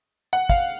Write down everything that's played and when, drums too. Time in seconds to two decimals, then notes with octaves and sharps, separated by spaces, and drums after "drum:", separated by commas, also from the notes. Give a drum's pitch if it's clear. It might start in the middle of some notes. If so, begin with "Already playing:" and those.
0.33 F#5
0.49 F5, drum: kick